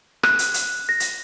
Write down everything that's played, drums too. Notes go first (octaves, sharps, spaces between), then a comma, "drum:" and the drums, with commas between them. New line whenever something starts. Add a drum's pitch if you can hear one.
F#6, drum: rim click
drum: hi-hat
drum: hi-hat
A#6
drum: hi-hat